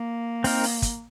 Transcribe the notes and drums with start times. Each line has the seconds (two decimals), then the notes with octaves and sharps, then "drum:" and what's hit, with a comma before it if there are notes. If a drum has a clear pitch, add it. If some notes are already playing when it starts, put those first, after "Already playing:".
Already playing: A#3
0.44 C4 D#4 A#4, drum: open hi-hat
0.63 drum: open hi-hat
0.82 drum: kick, hi-hat